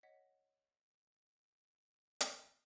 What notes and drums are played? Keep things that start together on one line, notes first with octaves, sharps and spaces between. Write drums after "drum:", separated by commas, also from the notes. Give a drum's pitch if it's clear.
C#5 D#5 F#5 B6
drum: hi-hat